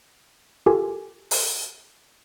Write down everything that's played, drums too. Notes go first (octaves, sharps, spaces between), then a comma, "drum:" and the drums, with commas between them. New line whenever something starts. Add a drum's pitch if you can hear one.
F4 G4 A4 A#4 G#5
drum: open hi-hat